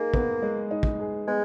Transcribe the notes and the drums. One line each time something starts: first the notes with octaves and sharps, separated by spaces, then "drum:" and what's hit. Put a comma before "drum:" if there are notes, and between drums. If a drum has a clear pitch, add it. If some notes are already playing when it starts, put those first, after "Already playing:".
Already playing: A#3 D#4 G#4
B3, drum: kick
G#3
D#4
drum: kick
G#4
G#3 B3